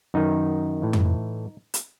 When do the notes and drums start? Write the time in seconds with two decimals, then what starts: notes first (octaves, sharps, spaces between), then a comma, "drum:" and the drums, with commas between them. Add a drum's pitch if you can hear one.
0.14 F#2 D#3 D#4
0.82 A2 E3
0.93 drum: tom F2
1.74 drum: hi-hat